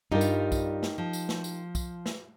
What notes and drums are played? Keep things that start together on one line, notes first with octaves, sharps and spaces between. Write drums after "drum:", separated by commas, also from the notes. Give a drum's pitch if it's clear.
G2 G3 D#4 F4 G4 A#4
drum: tambourine
drum: kick B1, tambourine
drum: snare
F3
drum: tambourine
drum: snare
drum: tambourine
drum: kick B1, tambourine
drum: snare